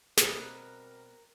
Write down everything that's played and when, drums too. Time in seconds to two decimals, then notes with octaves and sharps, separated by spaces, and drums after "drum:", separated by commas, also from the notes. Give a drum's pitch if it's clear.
0.17 B2 G3 C4 A#4 D#6 F#6, drum: snare